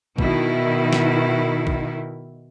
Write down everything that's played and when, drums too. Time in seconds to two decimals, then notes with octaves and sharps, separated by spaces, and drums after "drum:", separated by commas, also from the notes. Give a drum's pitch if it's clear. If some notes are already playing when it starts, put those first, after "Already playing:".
0.18 B2 D#3 E4, drum: kick
0.93 drum: snare
1.67 drum: kick